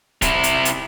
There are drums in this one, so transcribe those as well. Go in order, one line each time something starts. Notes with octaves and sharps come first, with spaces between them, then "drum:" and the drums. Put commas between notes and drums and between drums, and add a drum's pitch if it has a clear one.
C3 E4, drum: kick C#1, hi-hat
drum: hi-hat
drum: hi-hat